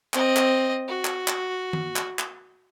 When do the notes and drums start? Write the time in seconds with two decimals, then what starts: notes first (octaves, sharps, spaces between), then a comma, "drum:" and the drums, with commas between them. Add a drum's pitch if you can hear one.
0.14 C4 D#5, drum: clap
0.36 drum: clap
0.88 F#4
1.05 drum: clap
1.28 drum: clap
1.73 drum: tom D#3
1.96 drum: clap
2.19 drum: clap